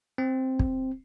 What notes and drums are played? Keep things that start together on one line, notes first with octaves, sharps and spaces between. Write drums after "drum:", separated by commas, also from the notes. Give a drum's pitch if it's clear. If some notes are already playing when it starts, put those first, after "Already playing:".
C4
drum: kick